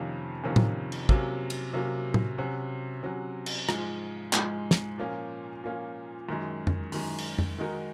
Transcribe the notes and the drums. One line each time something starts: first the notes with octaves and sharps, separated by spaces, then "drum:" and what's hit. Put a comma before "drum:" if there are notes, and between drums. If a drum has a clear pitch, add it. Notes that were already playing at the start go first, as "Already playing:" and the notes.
Already playing: F2 C3 D#3 A#3 C#4
F2 C3 D#3 A#3 C#4
drum: tom A2
drum: cymbal
C3 F#3 A#3 C#4, drum: kick
drum: cymbal
C3 F#3 A#3 C#4
drum: tom A2
C3 F#3 C#4 F#4
C3 F#3 C#4 F#4
drum: cymbal
G#2 F3 G#3, drum: rim click
G#2 F3 G#3, drum: clap
drum: snare
A#2 F3 A#3 C#4
A#2 F3 A#3 C#4
F#2 D#3 G#3
drum: tom F2
F#2 D#3 G#3, drum: open hi-hat
drum: cymbal
drum: tom F2
D#3 G#3 D#4 F#4 A#4